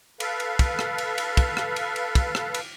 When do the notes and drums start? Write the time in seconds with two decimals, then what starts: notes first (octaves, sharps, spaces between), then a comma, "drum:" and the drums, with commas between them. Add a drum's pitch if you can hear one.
0.20 A4 B4 F5, drum: cymbal
0.40 drum: cymbal
0.59 drum: kick, cymbal
0.79 drum: rim click
0.98 drum: cymbal
1.18 drum: cymbal
1.37 drum: kick, cymbal
1.57 drum: rim click
1.76 drum: cymbal
1.96 drum: cymbal
2.15 drum: kick, cymbal
2.35 drum: rim click
2.54 drum: cymbal